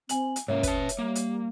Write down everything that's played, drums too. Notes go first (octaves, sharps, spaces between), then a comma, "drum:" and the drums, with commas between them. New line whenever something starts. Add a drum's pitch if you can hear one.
C4 G#5 F#7, drum: hi-hat
drum: hi-hat
G#2 A#3 C#4 C#5 E5
B4 A5, drum: kick, hi-hat
drum: hi-hat
G3 A#3
drum: hi-hat